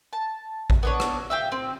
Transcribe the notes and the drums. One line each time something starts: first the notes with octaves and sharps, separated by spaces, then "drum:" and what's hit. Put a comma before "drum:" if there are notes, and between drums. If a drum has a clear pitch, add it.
A5
drum: kick A1
B3 D4 C#5
drum: rim click
E5 F5 G5
C4